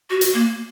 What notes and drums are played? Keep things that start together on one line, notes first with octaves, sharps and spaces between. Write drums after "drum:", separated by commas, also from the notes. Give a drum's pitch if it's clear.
F#4
drum: hi-hat
A#3